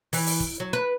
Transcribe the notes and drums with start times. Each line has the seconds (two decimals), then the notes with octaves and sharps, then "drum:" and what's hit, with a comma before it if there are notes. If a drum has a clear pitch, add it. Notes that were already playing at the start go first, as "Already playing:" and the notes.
0.13 E3, drum: open hi-hat
0.26 drum: open hi-hat
0.40 drum: kick
0.60 F#3
0.73 B4